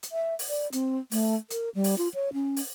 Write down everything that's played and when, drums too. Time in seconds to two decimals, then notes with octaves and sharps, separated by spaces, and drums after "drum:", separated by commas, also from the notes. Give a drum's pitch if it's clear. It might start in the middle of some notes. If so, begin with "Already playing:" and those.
0.03 drum: hi-hat
0.12 E5
0.39 drum: open hi-hat
0.49 D5
0.72 C4, drum: hi-hat
1.11 A3, drum: open hi-hat
1.50 A#4, drum: hi-hat
1.75 G3
1.84 drum: open hi-hat
1.98 F4
2.14 C#5
2.33 C#4
2.56 drum: open hi-hat